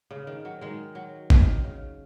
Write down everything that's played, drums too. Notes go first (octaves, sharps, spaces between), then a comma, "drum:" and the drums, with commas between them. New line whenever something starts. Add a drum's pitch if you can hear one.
C#3
D#3
F#3
D#3 G#3
F#3
D#3, drum: kick A1
C#3